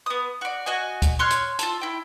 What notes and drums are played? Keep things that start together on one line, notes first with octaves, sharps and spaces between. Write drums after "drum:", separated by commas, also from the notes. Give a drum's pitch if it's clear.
B3 D#6
F#4 D5
F#4 D#5 G#5
drum: kick, hi-hat
C#5 C6 F6 F#6
drum: hi-hat
F4 A4, drum: hi-hat
E4 G5